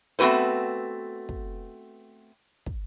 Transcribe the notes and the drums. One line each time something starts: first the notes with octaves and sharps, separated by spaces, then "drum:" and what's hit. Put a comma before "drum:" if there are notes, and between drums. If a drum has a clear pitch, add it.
A3 B3 C4 F#4 B4 C5
drum: kick
drum: kick